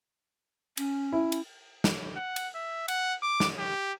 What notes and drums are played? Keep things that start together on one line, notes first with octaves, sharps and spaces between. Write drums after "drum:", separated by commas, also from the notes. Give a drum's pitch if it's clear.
C#4, drum: cymbal
E4
drum: cymbal
drum: snare
F#5
drum: cymbal
E5
F#5, drum: cymbal
D6
drum: snare
G4